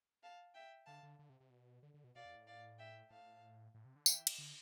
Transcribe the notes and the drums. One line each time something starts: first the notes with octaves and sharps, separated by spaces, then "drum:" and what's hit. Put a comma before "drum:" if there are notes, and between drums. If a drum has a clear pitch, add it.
F5 A5
E5 G5
D3 F5 A5
D3
D3
C3
C3
B2
D3
D3
B2
B2 D5 F5
F2
A2
D5 F5
E5 G5
A2 F5 A5
A2
C3
D3
E3 E5 G5, drum: tambourine
drum: cymbal
D3